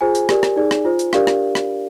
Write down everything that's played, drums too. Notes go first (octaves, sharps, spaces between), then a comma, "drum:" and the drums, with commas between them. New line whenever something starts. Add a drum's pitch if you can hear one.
F4 G#4 C5 G#5
drum: hi-hat
G4 A#4 D5, drum: rim click
drum: rim click
D#4 G#4 D5
drum: rim click
F4 C5
drum: hi-hat
D4 G4 A#4 D5 F5, drum: rim click
drum: rim click
drum: rim click